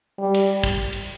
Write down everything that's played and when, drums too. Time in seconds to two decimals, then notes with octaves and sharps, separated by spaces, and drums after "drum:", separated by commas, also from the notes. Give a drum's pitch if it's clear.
0.19 G3
0.34 drum: cymbal
0.64 drum: kick, cymbal
0.93 drum: cymbal